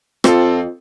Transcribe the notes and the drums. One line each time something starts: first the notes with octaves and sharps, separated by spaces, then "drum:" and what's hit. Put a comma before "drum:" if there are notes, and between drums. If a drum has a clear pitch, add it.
F2 C4 F4 A4, drum: rim click